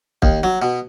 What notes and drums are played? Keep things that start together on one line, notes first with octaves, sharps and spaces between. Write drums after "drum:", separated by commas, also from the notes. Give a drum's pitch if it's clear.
D#2, drum: kick
F#3
B2